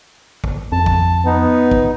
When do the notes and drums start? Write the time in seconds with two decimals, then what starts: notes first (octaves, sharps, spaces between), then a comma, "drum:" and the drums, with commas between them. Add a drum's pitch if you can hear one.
0.44 drum: kick
0.72 F2 A5
0.86 drum: kick
1.26 B3 D#4
1.71 drum: kick